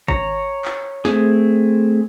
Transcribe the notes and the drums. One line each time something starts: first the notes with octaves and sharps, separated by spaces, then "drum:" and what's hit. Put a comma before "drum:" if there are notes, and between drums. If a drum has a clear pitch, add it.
C#5 A#5, drum: kick G#1
drum: clap
A3 C4 G#4, drum: snare